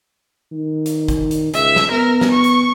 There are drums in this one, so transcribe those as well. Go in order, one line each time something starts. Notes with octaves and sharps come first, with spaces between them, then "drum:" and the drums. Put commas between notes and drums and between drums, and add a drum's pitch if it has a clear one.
D#3
drum: hi-hat
drum: kick G#1, hi-hat
drum: hi-hat
C#2 E5, drum: hi-hat
drum: snare
B3 A#4
drum: snare
C#6
drum: hi-hat